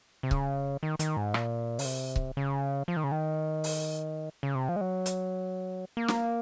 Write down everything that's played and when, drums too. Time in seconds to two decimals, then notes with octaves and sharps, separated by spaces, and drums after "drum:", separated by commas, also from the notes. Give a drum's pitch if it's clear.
0.23 C3
0.31 C#3, drum: kick C#1
0.83 D#3
0.99 D#3, drum: hi-hat
1.17 G#2
1.34 A#2, drum: rim click
1.79 C#3, drum: open hi-hat
1.85 C3
2.16 drum: kick C#1
2.37 C#3
2.88 F3
2.97 D#3
3.04 C#3
3.12 D#3
3.64 drum: open hi-hat
4.43 C#3
4.55 C3
4.69 F3
4.76 G#3
4.81 F#3
5.06 drum: hi-hat
5.97 A#3
6.08 drum: snare